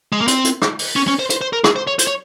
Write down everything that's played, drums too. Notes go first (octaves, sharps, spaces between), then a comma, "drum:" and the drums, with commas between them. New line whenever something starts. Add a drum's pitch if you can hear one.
G#3
A#3
C4, drum: hi-hat
drum: hi-hat
drum: rim click
drum: open hi-hat
C#4
C#4
C5
C5, drum: hi-hat
C5
A#4
G#4, drum: rim click
C5
C#5
C5, drum: hi-hat
C#5